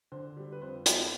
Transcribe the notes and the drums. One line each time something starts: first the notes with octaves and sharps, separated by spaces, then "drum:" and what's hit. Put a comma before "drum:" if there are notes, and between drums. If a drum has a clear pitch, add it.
D3 C5
G3
B4
F2 C5
B3, drum: hi-hat